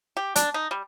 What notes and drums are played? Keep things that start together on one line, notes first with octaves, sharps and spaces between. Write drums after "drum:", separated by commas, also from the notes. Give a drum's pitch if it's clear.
G4
D4, drum: hi-hat
D#4
G3